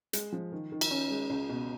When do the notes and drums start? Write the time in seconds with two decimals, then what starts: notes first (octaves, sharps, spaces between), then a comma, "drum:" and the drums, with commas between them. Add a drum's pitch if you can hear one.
0.13 G#3, drum: hi-hat
0.33 F3
0.52 D#3
0.72 D#3
0.81 drum: cymbal
0.91 C#4
1.10 G#3
1.30 C#2
1.49 B2